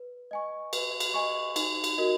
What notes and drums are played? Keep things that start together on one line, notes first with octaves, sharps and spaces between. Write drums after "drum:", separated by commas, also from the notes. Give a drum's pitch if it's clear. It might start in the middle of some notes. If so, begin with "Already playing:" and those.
Already playing: B4
D#5 G#5 C#6
B4, drum: cymbal
drum: cymbal
D#5 G#5 C#6
D#4, drum: cymbal
drum: cymbal
F#4 A#4 D#5